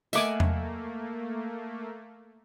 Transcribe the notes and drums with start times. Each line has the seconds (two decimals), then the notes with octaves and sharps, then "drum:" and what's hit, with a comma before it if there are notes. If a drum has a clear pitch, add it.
0.13 A3 A#3 D#5 E5 F#5 G#5 D6, drum: tambourine
0.40 drum: tom E2